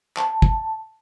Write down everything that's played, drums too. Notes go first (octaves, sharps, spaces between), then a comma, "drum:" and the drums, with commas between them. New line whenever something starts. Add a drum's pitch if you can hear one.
A5, drum: clap
drum: kick